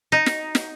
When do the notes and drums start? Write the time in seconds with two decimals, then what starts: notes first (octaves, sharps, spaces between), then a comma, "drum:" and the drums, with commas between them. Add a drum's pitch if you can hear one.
0.12 D#4
0.26 drum: snare
0.55 drum: snare